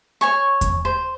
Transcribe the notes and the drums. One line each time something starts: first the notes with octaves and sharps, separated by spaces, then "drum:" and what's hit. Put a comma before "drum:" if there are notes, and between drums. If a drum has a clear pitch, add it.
C#5 G#5 C#6
drum: kick E2, hi-hat
C5